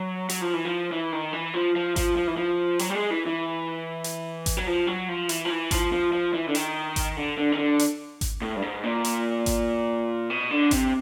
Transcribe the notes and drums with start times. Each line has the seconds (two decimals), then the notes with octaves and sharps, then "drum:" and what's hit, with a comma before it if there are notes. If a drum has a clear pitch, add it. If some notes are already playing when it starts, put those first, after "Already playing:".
Already playing: F#3
0.29 F#3, drum: hi-hat
0.42 F3
0.54 E3
0.65 F3
0.92 E3
1.12 D#3
1.33 E3
1.54 F3
1.76 F3
1.96 F3, drum: kick G#1, hi-hat
2.16 F3
2.27 E3
2.37 F3
2.79 F#3, drum: hi-hat
2.89 G3
2.95 G#3
3.10 E3
3.26 E3
4.04 drum: hi-hat
4.46 drum: kick G#1, hi-hat
4.57 F#3
4.67 F3
4.87 F#3
5.09 F3
5.29 E3, drum: hi-hat
5.45 F3
5.50 E3
5.71 F3, drum: kick G#1, hi-hat
5.92 F3
6.13 F3
6.34 E3
6.48 D3
6.55 D#3, drum: hi-hat
6.96 drum: kick G#1, hi-hat
7.17 D3
7.38 D3
7.52 D#3
7.58 D3
7.79 drum: hi-hat
8.21 drum: kick G#1, hi-hat
8.42 A2
8.56 G2
8.62 G#2
8.83 A#2
9.04 drum: hi-hat
9.46 drum: kick G#1, hi-hat
10.30 B2
10.51 D3
10.71 C3, drum: kick G#1, hi-hat